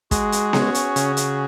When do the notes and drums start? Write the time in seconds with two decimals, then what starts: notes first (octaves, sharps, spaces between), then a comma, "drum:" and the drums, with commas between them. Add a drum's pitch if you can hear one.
0.11 G#3 F#4 G#4, drum: kick, hi-hat
0.32 drum: hi-hat
0.53 C#4, drum: snare B3
0.75 drum: hi-hat
0.96 C#3, drum: hi-hat
1.17 drum: hi-hat